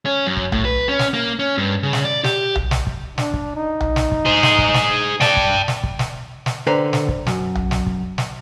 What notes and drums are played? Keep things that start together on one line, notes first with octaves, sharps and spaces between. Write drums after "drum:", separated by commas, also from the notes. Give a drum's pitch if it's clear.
C#4
F#2
drum: kick
A2, drum: tom B1
B4
C#4
drum: snare
A#3
C#4
G2
C#3
drum: snare
D5
G4, drum: snare
drum: tom B1
drum: snare
drum: kick
D4, drum: snare
drum: kick
D#4
drum: tom B1
drum: snare
drum: kick
G#4 C5
drum: snare
drum: kick
drum: snare
D5 G5 A5, drum: snare
drum: kick
drum: snare
drum: kick
drum: snare
drum: snare
D3 B4 C5 G5 A#5
drum: snare
drum: kick
F#2, drum: snare
drum: tom B1
drum: snare
drum: kick
drum: snare